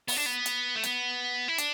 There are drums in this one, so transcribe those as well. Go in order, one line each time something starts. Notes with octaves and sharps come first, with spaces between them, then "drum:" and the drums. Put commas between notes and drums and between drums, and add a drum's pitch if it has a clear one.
B3, drum: open hi-hat
D4
B3
drum: hi-hat
A3
B3, drum: hi-hat
E4
D4, drum: hi-hat